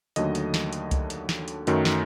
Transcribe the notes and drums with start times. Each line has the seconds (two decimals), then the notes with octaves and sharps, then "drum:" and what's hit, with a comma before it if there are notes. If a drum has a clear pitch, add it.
0.16 D#2 D3 F#3 A3 D#5, drum: hi-hat
0.35 drum: hi-hat
0.54 drum: snare
0.73 drum: hi-hat
0.91 drum: kick C2, hi-hat
1.10 drum: hi-hat
1.29 drum: snare
1.48 drum: hi-hat
1.67 F#2 D#3 F#3 A3, drum: hi-hat
1.85 drum: snare